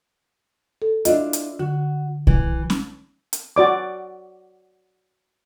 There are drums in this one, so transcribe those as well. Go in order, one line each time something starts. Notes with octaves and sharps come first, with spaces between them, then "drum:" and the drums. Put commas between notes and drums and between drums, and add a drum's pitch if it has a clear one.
A4
D4 E4 F4 D#5, drum: hi-hat
drum: hi-hat
D3 F#4
E3, drum: kick
drum: snare
drum: hi-hat
F#4 D5 D6